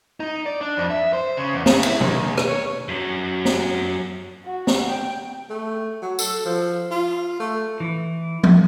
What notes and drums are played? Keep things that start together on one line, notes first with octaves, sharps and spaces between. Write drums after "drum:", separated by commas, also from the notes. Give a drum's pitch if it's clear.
D#4
D5
D4
F2
E5
C5
C#3
E2
C#3, drum: snare
E4, drum: cymbal
D#2, drum: tom B2
drum: rim click
C#5
F#2 F#3
drum: snare
F#4
drum: snare
G5
A3
F#3
A4, drum: tambourine
F3
F4
A3
E3
drum: tom F3